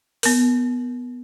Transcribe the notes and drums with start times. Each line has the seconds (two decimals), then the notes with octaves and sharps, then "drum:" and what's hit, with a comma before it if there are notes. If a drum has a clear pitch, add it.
0.23 B3 A#4, drum: open hi-hat